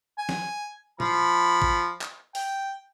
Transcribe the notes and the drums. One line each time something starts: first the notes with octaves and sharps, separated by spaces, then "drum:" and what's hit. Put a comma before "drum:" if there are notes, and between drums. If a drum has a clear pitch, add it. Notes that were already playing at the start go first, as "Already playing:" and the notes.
G#5
drum: snare
F3 B5, drum: tom A#2
drum: kick G#1
drum: clap
G5, drum: open hi-hat